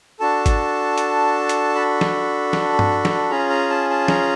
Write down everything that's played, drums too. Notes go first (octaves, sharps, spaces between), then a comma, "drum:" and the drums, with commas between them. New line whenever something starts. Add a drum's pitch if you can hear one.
D4 F#4 A4 A5
drum: kick, hi-hat
drum: hi-hat
drum: hi-hat
B5
drum: snare
drum: snare
drum: tom G2
drum: snare
C#4 F4 G#4 A#5
A#5
A5
A5
A#5, drum: snare